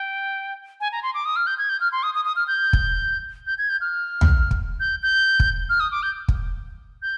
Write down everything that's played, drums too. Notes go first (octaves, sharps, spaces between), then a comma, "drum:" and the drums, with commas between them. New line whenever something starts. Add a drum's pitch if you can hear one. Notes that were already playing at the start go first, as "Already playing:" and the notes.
Already playing: G5
G#5
A#5
C6
D6
D#6
F6
G6
G#6
G6
F6
C6
D#6
D#6
D#6
F6
G6
drum: kick
G6
G#6
G6
F6
drum: tom
drum: kick
G6
G6
drum: kick
F6
D#6
D6
G6
drum: kick
G6